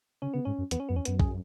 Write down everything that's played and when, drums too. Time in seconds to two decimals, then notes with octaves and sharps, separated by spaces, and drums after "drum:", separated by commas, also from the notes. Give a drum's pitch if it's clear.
0.22 C#3 C#4
0.34 C#3 B3
0.45 G#2 C#4
0.59 F#2
0.71 E2 B3, drum: hi-hat
0.80 C#4
0.89 F#2 B3
0.95 E2 C#4
1.05 F#2 B3, drum: hi-hat
1.20 G#4, drum: kick